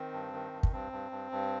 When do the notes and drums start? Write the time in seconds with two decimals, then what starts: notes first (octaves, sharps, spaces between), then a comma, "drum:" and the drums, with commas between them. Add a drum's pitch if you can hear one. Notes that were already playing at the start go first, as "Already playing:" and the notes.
Already playing: D#3 C4
0.13 G2
0.33 D#3
0.52 G2
0.63 drum: kick
0.72 G2 C4
0.92 G2
1.11 G2
1.32 G2